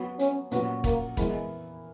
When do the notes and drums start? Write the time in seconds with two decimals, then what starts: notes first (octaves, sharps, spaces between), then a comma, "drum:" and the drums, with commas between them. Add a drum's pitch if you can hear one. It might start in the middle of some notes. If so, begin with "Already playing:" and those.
Already playing: F#3 B3 F#4
0.19 C#4, drum: hi-hat
0.51 A#2 F#3 B3 C#4 F#4, drum: hi-hat
0.84 A#3, drum: kick, hi-hat
1.17 E3 G#3 B3 E4 A#4, drum: kick, hi-hat